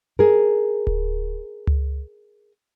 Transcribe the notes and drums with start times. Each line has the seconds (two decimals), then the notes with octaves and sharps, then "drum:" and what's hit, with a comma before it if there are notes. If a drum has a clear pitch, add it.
0.19 G#4 A#4
0.87 drum: kick D1
1.67 drum: tom C#2